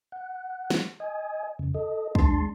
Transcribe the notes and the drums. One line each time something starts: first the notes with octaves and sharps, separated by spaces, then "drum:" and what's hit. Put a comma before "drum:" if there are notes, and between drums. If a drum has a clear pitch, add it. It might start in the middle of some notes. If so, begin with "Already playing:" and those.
F#5
drum: snare
D#5 G#5
F2 C#3
A4 D#5
D#2 G#3 D4 A5 C6, drum: kick